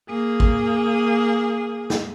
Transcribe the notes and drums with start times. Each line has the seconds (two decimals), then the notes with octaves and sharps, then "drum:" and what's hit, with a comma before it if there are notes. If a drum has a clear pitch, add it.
0.10 A#3 G#4
0.40 drum: kick G#1
1.90 drum: snare